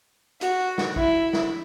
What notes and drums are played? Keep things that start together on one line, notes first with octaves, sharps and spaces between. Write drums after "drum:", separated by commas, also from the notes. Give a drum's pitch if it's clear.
F#4, drum: hi-hat
drum: snare
E4, drum: kick
drum: snare